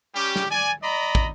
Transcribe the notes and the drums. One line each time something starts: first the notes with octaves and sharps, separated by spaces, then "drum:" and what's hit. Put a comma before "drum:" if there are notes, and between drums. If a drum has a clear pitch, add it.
G3 C#4 G4
drum: snare
D5 G#5
D5 D#5 A#5 B5
drum: kick